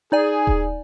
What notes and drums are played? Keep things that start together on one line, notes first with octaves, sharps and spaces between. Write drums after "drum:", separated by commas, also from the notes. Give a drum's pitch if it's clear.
D#4 G#4 D5 G#5
drum: kick D#1